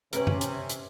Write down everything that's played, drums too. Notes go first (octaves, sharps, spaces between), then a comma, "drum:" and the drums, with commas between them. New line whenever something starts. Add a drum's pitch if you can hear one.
C3 C#4 A#4 B4, drum: hi-hat
drum: tom F#2
drum: hi-hat
drum: hi-hat